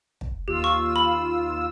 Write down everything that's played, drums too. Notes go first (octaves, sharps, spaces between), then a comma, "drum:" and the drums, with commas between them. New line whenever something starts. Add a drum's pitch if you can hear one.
drum: kick
D#2 F4 G4 E6
C#6
B5